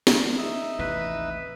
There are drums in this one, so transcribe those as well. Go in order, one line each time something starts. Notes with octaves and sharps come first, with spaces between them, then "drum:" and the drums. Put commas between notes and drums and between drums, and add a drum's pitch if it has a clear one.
drum: snare
D#4 E5
A1 D#2 C3 B4